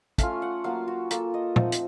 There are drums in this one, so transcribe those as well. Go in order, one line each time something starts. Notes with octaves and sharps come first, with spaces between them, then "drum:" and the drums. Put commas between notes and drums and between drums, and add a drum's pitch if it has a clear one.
A3 C#4 F4 F5, drum: kick, hi-hat
F#5
F#3 A#3 F4 F5
F#4
A#3 F4 A4, drum: hi-hat
D#5
F3 A3 C4 D#4 F#5, drum: tom
drum: hi-hat